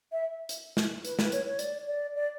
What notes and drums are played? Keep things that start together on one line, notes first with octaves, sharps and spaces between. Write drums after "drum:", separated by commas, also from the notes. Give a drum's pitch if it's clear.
E5
drum: hi-hat
drum: snare
B4, drum: hi-hat
B4, drum: snare
C#5, drum: hi-hat
C#5
D5, drum: hi-hat
D5
D5